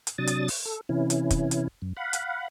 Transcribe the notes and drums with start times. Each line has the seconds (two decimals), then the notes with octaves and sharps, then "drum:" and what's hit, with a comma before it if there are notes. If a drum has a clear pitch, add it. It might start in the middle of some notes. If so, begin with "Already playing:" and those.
0.07 drum: hi-hat
0.18 C3 F#3 D4 D#6 A6
0.27 drum: hi-hat
0.48 drum: open hi-hat
0.65 A4
0.89 C3 E3 C#4 E4
1.10 drum: hi-hat
1.31 drum: kick, hi-hat
1.51 drum: hi-hat
1.82 F#2
1.97 F5 F#5 B5
2.13 drum: hi-hat